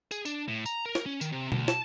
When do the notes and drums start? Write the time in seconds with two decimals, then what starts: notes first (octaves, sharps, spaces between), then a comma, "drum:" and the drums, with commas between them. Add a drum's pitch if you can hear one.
0.11 G#4, drum: tambourine
0.26 D4, drum: tambourine
0.48 A2
0.66 A#5, drum: tambourine
0.86 A#4
0.95 drum: snare
1.06 C#4
1.21 D#3, drum: tambourine
1.32 C3
1.52 D2, drum: tom B2
1.68 A5, drum: snare